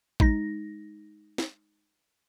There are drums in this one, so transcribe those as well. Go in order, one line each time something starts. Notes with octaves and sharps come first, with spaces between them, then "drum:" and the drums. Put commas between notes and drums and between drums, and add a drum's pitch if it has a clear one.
G#3 D#4 A#6, drum: kick
drum: snare